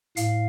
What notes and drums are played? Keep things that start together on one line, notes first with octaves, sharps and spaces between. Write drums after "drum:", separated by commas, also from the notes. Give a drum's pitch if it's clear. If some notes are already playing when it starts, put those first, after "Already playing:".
A2 F5, drum: hi-hat